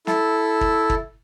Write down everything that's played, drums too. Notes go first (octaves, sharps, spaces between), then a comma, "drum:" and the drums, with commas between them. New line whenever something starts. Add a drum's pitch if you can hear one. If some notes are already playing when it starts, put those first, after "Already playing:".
E4 A4, drum: snare
drum: kick
drum: kick